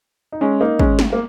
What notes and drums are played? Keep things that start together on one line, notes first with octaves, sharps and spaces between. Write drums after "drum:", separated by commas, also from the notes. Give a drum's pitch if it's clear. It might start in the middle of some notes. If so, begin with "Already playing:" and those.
D#4
G#3 C#4
A#3 D#4
G#3 C#4, drum: kick
drum: snare
A#3